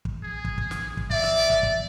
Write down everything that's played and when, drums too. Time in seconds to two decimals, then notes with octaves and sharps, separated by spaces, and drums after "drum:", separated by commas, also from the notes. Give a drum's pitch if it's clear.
0.05 drum: kick
0.23 G#4
0.45 drum: kick
0.58 drum: kick
0.71 drum: snare
0.97 drum: kick
1.10 D5 E5, drum: kick
1.24 drum: snare
1.50 drum: kick
1.63 drum: kick